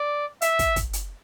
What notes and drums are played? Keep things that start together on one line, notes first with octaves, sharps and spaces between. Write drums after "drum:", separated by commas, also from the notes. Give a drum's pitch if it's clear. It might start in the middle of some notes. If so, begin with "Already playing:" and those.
Already playing: D5
E5, drum: hi-hat
drum: kick, hi-hat
drum: kick, hi-hat
drum: hi-hat